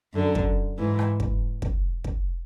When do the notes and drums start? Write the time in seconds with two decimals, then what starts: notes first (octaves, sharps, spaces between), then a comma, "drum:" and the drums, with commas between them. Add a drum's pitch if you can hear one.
0.14 F#2 D3
0.35 drum: kick
0.77 G#2 E3
0.99 drum: rim click
1.20 drum: kick
1.62 drum: kick
2.04 drum: kick